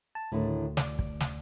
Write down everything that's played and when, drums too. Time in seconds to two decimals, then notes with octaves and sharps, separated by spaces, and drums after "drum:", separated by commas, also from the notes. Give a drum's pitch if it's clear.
0.15 A5
0.32 D2 A2 D3 D#3
0.77 D5, drum: snare
0.99 drum: kick
1.20 drum: snare